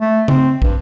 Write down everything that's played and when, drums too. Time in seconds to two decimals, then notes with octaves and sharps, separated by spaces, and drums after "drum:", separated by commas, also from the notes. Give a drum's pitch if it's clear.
0.01 A3
0.28 C4, drum: tom C#3
0.62 G2, drum: kick